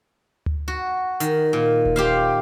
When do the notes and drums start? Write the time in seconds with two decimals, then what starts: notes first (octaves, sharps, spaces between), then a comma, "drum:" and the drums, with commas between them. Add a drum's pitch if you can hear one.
0.46 drum: tom D2
0.68 F#4
1.20 D#3, drum: hi-hat
1.53 A#2
1.85 drum: kick D#1
1.96 G4 C5 F5